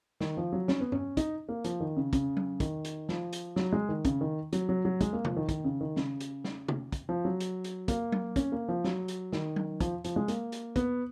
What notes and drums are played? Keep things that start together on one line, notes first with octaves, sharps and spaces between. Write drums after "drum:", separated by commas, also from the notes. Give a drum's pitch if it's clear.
D#3, drum: snare
F3
F#3
C#4, drum: snare
B3
C#4, drum: tom G2
D#4, drum: kick, hi-hat
A#3
F3, drum: hi-hat
D#3
C#3
C#3, drum: kick, hi-hat
drum: tom F#3
D#3, drum: kick, hi-hat
drum: hi-hat
F3, drum: snare
drum: hi-hat
F#3, drum: snare
G#3
D#3
C#3, drum: kick, hi-hat
D#3
F#3, drum: hi-hat
F#3
F#3
G#3, drum: kick, hi-hat
A#3
F3, drum: tom C3
D#3
D#3, drum: kick, hi-hat
C#3
D#3
C#3, drum: snare
drum: hi-hat
drum: snare
drum: tom C3
drum: kick, hi-hat
F3
F#3
drum: hi-hat
drum: hi-hat
A#3, drum: kick, hi-hat
drum: tom F#3
C#4, drum: kick, hi-hat
A#3
F3
F#3, drum: snare
drum: hi-hat
D#3, drum: snare
drum: tom F#3
F3, drum: kick, hi-hat
F3, drum: hi-hat
G#3
A#3, drum: hi-hat
drum: hi-hat
B3, drum: kick, hi-hat